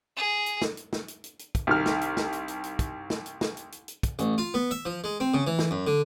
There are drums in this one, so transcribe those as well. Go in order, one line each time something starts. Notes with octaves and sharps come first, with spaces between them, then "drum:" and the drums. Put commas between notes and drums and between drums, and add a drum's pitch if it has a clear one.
G#4
drum: hi-hat
drum: snare
drum: hi-hat
drum: snare
drum: hi-hat
drum: hi-hat
drum: hi-hat
drum: kick, hi-hat
C2 D#3 F6
drum: snare
drum: hi-hat
drum: snare
drum: hi-hat
drum: hi-hat
drum: hi-hat
drum: kick, hi-hat
drum: snare
drum: hi-hat
drum: snare
drum: hi-hat
drum: hi-hat
drum: hi-hat
drum: kick, hi-hat
A1, drum: hi-hat
F4
B3
E5
F3
G#3
C4
C#3
E3
drum: snare
F#2
D3